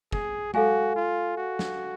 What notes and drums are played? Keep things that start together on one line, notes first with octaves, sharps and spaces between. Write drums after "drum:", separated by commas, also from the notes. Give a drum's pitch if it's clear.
G#4, drum: kick
F#4 A4 F5 G#5, drum: tom G#3
F4
F#4
drum: snare